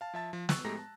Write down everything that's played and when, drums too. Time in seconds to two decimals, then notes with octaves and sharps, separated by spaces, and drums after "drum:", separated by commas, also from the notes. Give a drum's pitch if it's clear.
0.01 F5 A5
0.14 F3 E5 A5 A6
0.33 F3
0.49 C#6 E6 F#6, drum: snare
0.64 A2 G#3 A3 G4 A#5 A#6
0.79 A5